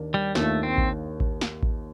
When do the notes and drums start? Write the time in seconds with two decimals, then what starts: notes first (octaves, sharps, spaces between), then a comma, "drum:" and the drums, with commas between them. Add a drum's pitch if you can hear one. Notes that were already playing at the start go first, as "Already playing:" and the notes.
Already playing: D#2 D#3 A#3 D4
0.14 G3
0.35 D#2 D#3 A3 A#3 D4 F4, drum: snare
0.63 C4
0.78 drum: kick A1
1.20 drum: kick A1
1.41 drum: snare
1.63 drum: kick A1